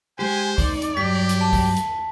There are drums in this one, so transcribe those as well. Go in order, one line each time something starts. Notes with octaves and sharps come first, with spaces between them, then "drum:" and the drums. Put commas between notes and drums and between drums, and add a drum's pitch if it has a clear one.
G#3 G4 C5 G#5
D#4 D5, drum: kick, open hi-hat
drum: hi-hat
G2 F#3 G4 B6
drum: hi-hat
A5
drum: kick, open hi-hat
drum: hi-hat